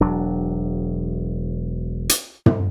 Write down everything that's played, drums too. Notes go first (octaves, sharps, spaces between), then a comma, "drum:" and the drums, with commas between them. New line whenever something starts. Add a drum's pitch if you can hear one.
E1 F#3 D4
drum: hi-hat
drum: tom